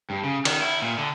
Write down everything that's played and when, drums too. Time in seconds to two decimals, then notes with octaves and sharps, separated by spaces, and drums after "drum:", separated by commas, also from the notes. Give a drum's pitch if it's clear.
0.10 G2
0.24 C#3
0.45 D#3, drum: cymbal
0.61 E4
0.82 A#2
0.98 D3